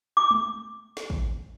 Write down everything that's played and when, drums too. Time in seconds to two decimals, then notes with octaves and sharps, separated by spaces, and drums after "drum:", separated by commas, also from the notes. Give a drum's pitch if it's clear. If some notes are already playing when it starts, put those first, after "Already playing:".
0.17 D6
0.31 drum: tom
0.97 drum: snare
1.10 drum: kick A1